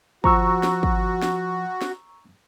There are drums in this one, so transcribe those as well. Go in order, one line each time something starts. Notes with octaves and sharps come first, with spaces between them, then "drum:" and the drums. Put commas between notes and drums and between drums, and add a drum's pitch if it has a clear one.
F3 F#4 A#5 C#6 E6, drum: kick
drum: snare
drum: kick
drum: snare
drum: snare